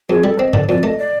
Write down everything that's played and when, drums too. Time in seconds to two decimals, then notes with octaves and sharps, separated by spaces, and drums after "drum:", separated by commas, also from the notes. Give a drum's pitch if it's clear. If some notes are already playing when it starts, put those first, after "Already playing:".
0.10 F2 G#4
0.24 G3 A4
0.38 C4 D#5
0.53 D3 D5, drum: tom G#2
0.68 F2 D5
0.83 A3 D#5
0.98 D5